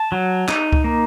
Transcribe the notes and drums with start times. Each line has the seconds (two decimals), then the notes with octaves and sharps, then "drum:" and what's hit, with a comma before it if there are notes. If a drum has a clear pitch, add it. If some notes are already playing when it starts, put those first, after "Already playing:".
Already playing: A5
0.12 F#3
0.48 D#4, drum: clap
0.72 drum: kick C#2
0.84 A#3